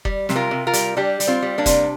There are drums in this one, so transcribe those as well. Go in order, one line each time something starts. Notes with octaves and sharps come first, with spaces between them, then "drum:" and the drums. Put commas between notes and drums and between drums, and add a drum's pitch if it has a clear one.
G3, drum: kick F#1
C3, drum: snare
F4 A#4
C3
F4 A#4
G3, drum: hi-hat
G3 D4 G4
G3, drum: hi-hat
C4 F4
G3
A#3 D4
C3, drum: kick F#1, hi-hat